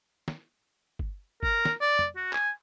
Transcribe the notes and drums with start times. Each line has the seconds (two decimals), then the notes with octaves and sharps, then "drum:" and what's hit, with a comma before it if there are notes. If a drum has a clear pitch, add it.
0.28 drum: snare
0.99 drum: kick G1
1.43 A#4, drum: kick G1
1.65 drum: snare
1.81 D5
1.99 drum: tom
2.16 F#4
2.33 G#5, drum: clap